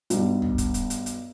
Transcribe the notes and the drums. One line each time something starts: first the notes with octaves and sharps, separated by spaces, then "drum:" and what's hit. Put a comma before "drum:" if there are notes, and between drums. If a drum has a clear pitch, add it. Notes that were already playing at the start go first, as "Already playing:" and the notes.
B1 G2, drum: hi-hat
drum: tom
drum: kick, hi-hat
drum: hi-hat
drum: hi-hat
drum: hi-hat